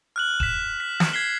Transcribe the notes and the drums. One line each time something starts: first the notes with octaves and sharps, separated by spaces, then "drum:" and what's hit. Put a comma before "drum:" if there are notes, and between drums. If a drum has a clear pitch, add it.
F6 F#6 F#7
B6 E7, drum: kick
B6
drum: snare
G#6 B6 C7 G7